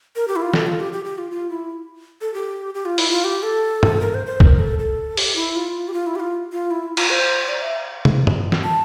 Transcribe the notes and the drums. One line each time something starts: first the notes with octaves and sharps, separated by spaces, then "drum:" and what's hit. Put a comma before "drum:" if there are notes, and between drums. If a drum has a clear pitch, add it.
A#4
G4
E4
F4
A4, drum: snare
F4
G4
G4
G4
F4
F4
E4
A4
G4
G4
F4
E4, drum: open hi-hat
F4
G4
A4
drum: tom G2
A#4
C5
C5
A#4, drum: kick
A4
A4
G4, drum: open hi-hat
E4
F4
G4
F4
E4
G4
F4
F4
E4
F4, drum: cymbal
C5
D5
E5
drum: tom
drum: tom G2
drum: snare
A5